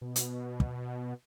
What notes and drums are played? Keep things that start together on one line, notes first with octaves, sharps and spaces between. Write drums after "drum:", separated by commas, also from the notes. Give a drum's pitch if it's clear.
B2
drum: hi-hat
drum: kick